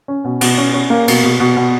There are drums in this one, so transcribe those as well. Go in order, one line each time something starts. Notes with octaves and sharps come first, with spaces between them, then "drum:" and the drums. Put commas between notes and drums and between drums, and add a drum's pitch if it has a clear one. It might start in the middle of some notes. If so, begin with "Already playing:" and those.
C#4
B2
B2, drum: cymbal
C#4
C#4
A#3
B2, drum: cymbal
B2
B2
B2